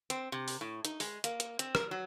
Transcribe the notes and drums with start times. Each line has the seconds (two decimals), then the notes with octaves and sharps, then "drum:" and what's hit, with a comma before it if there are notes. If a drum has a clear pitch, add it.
0.10 C4, drum: hi-hat
0.32 C3
0.48 drum: open hi-hat
0.61 A2
0.85 D#4, drum: hi-hat
1.00 G#3, drum: open hi-hat
1.24 A#3, drum: hi-hat
1.40 drum: hi-hat
1.59 C4, drum: hi-hat
1.75 A#4, drum: rim click
1.91 F#3